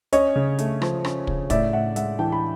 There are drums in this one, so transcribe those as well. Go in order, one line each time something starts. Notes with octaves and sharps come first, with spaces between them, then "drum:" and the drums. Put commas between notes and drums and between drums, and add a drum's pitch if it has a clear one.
C#4 C#5 D#5, drum: hi-hat
C#3
A3, drum: hi-hat
F3, drum: rim click
C#4, drum: rim click
C#3, drum: kick
A2 D5 E5, drum: kick, hi-hat
A2 E5 F#5
G#3 E5 F#5, drum: hi-hat
E3 G5 A5
B5